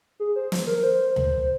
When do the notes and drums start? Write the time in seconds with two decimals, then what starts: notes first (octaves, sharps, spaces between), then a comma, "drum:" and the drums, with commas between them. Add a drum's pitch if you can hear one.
0.20 G#4
0.36 C5
0.52 C5, drum: snare
0.67 A#4
0.78 A#4
0.83 C5
1.16 drum: tom D2